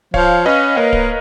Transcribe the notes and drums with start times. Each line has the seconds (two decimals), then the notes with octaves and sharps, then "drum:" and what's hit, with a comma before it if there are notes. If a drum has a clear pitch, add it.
0.14 F3 C#5 F5, drum: kick D1
0.46 C#4 B4 D#5
0.77 A#3 A#4 C#5
0.93 drum: kick D1